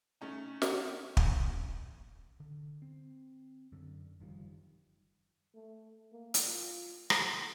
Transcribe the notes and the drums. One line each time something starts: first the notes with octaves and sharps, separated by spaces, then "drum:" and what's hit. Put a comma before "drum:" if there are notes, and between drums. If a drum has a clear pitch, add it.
A3 C#4 D#4
drum: snare
drum: kick
D3
C4
F#2 D3
F#1 D#3 F3 G3
A3
A#3
drum: hi-hat
F4
A4, drum: rim click